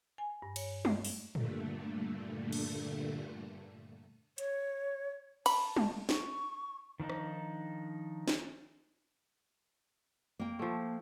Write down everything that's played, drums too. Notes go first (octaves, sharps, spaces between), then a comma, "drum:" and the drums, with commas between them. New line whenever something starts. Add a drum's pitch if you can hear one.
G#5
G2
C#5, drum: cymbal
A3, drum: tom G3
drum: open hi-hat
G2 A#2 D3 A3, drum: tom A2
drum: cymbal
C#5, drum: hi-hat
A5 B5, drum: cymbal
drum: tom G3
C#6, drum: snare
D#3 F3 D4 D#4
drum: rim click
drum: snare
A#3 G5
F3 A3